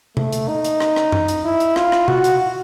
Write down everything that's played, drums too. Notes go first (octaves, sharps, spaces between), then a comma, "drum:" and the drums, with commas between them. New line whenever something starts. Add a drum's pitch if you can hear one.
A3, drum: tom C3
drum: hi-hat
D#4
drum: hi-hat
drum: rim click
drum: rim click
drum: tom
drum: hi-hat
E4
drum: hi-hat
F4, drum: rim click
drum: rim click
F#4, drum: tom C3
drum: hi-hat